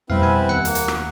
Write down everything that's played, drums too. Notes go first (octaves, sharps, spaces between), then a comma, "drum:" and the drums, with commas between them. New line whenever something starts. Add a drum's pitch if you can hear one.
F2 B2 G3 C4 E4 B4 F5
B3 G#5 E6
D#2 F#5 C#7
A#3, drum: hi-hat
drum: hi-hat
drum: rim click